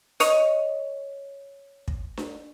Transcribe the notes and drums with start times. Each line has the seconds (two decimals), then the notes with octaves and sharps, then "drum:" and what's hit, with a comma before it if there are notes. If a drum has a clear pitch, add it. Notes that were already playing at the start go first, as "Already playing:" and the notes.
0.20 C#5 D#5, drum: hi-hat
1.88 drum: kick
2.17 drum: snare D4